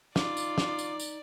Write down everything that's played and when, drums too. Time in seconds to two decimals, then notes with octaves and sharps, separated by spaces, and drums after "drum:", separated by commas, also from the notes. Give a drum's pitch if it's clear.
0.16 D#4 F4 D5 D6, drum: snare
0.37 drum: tambourine
0.58 drum: snare
0.79 drum: tambourine
0.99 drum: tambourine